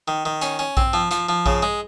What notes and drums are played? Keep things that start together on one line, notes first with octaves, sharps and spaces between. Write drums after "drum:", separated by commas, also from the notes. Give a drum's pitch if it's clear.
D#3
D#3
C#4, drum: hi-hat
C#4
C4, drum: kick A#1
F3
F3, drum: hi-hat
F3
C#3, drum: kick A#1
G#3